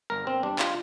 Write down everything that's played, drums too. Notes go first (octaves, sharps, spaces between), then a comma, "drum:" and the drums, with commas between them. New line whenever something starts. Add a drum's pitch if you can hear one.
G1 A#4
C4
G3 D4
F4, drum: clap